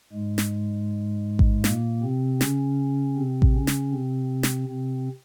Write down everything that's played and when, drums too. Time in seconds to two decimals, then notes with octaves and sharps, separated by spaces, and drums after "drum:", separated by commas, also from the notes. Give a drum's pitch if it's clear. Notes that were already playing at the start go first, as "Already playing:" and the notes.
0.13 G#2 G#3
0.38 drum: snare
1.39 drum: kick A1
1.64 A#2 A#3, drum: snare
2.02 C3 C4
2.41 C#3 C#4, drum: snare
3.16 C3 C4
3.42 drum: kick A1
3.54 C#3 C#4
3.67 drum: snare
3.93 C3 C4
4.43 drum: snare
4.69 C3 C4